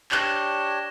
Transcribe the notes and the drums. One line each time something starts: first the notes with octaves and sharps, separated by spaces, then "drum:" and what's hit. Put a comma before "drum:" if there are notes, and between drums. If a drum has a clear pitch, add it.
D4 G4 C#5 A#6 E7 G7, drum: clap